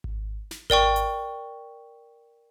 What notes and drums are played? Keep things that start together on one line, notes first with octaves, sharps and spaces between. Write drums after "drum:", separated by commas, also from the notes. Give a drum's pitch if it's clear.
drum: kick G#1
drum: snare
A#4 D5 G5 C#6, drum: kick G#1
drum: hi-hat